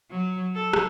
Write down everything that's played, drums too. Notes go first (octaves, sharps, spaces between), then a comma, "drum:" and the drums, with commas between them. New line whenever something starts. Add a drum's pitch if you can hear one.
F#3
A4
drum: rim click